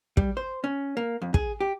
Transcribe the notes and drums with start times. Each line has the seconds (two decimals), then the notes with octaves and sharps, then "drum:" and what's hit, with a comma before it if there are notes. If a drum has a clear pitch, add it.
0.17 G3, drum: kick
0.37 C5
0.64 C#4
0.97 A#3
1.22 F2
1.34 G#4, drum: kick
1.61 G4